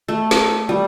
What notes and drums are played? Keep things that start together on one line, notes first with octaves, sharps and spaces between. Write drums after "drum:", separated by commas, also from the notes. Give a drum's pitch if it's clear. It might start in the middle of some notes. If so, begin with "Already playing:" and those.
A3
drum: snare
G3